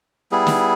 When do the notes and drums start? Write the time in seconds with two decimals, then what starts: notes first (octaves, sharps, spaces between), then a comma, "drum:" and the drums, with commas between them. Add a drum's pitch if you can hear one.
0.31 G3 B3 E4 G#4
0.47 drum: snare